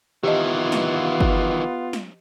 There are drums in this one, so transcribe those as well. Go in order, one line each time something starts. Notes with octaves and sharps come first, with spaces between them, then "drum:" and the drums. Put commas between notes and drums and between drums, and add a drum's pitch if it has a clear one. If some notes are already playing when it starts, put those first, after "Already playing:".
D#3 E3 B3 F4 G4 D#5
drum: snare
drum: kick G1
drum: snare